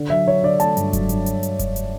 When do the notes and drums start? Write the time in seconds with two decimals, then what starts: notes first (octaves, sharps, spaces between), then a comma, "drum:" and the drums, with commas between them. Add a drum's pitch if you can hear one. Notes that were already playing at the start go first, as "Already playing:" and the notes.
Already playing: D3
0.10 F#3 E5
0.27 F#3 C#5
0.43 D3 D5
0.60 A3 A5, drum: hi-hat
0.77 G2, drum: hi-hat
0.93 F#3, drum: kick F1, hi-hat
1.09 G2, drum: hi-hat
1.26 drum: hi-hat
1.43 drum: hi-hat
1.59 drum: kick F1, hi-hat
1.76 drum: hi-hat